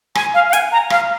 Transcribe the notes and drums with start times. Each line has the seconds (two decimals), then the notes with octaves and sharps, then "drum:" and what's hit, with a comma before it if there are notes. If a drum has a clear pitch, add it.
0.15 G#5, drum: rim click
0.34 F5
0.49 F5
0.53 G#5, drum: hi-hat
0.72 A#5
0.90 F5, drum: rim click